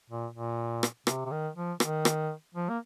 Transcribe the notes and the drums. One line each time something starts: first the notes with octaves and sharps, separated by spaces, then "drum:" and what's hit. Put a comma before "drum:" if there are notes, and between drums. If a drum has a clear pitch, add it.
A#2
A#2
drum: rim click
C3, drum: rim click
C3
D#3
F3
D#3, drum: rim click
drum: rim click
F3
A#3